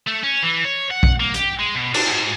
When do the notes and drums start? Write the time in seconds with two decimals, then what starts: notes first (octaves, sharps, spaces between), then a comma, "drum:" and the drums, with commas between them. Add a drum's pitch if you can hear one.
0.07 A3
0.23 C#4
0.43 E3
0.65 C#5
0.91 F#5
1.03 drum: kick
1.20 A#3
1.34 G4, drum: hi-hat
1.59 G#3
1.75 B2
1.94 D4, drum: cymbal
2.07 G#2